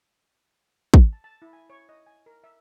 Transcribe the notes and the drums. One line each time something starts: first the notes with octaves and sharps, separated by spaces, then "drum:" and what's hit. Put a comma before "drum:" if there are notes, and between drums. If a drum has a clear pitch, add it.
drum: kick
A5
A5
E4
G#5
C#5
D#5
G#5
A#4
E5